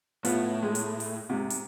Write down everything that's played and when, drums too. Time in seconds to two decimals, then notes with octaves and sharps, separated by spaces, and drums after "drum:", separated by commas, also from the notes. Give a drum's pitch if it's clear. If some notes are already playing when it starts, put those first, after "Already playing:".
0.25 A2 B3 F4, drum: hi-hat
0.63 G#3
0.75 drum: hi-hat
1.00 drum: open hi-hat
1.30 G#2 C3
1.50 drum: hi-hat